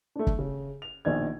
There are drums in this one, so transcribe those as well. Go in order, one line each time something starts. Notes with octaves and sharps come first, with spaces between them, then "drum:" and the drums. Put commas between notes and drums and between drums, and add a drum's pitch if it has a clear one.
A3 D4
drum: kick
C#3
F7
A#1 B2 D#3 D5 G#6